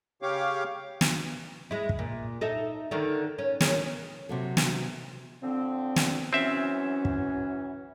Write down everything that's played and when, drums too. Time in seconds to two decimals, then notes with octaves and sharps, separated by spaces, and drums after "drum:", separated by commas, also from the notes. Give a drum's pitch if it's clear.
0.22 C#3 G4 C#5 F5 D6
1.01 drum: snare
1.71 G#3 E4
1.89 drum: kick
1.99 A#2
2.41 D#4 A4 E5
2.91 D3 D#3 A4
3.38 C#4
3.60 C#4 G#4 A#4, drum: snare
4.29 C3 F#3 A4
4.57 drum: snare
5.42 D3 F3 C4
5.96 drum: snare
6.33 E3 F#3 C4 C#4 E5
7.05 drum: kick